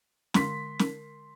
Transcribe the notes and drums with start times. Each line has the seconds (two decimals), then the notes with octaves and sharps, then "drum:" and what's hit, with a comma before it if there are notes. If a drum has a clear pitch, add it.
0.34 D3 G#3 C6 B6, drum: snare
0.79 A#4, drum: snare